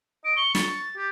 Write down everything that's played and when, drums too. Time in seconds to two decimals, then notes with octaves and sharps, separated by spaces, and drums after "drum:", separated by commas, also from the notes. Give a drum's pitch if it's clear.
0.25 D#5 D7
0.37 C#6 G7
0.55 A6, drum: snare
0.96 G4